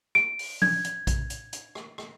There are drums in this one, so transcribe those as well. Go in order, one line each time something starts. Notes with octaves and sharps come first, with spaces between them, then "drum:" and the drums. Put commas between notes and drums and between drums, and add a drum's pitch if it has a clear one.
D7, drum: rim click
drum: open hi-hat
G#6, drum: tom F3
drum: hi-hat
drum: kick A#1, hi-hat
drum: hi-hat
drum: hi-hat
drum: rim click
drum: rim click